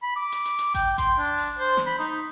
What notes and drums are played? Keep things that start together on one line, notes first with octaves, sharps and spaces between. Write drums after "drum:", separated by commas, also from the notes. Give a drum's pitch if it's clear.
B5
D6
drum: hi-hat
drum: hi-hat
drum: hi-hat
G5, drum: kick G#1, hi-hat
C6, drum: kick G#1, hi-hat
D4
drum: open hi-hat
C5
drum: snare
B5
D#4